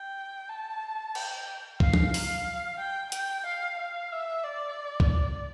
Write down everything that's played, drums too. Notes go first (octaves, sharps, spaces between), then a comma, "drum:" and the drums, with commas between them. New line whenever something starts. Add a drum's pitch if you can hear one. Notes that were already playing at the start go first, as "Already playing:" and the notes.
Already playing: G5
A5
G5, drum: cymbal
F5, drum: kick
drum: tom
F5, drum: open hi-hat
G5
G5, drum: hi-hat
F5
F5
E5
D5
drum: kick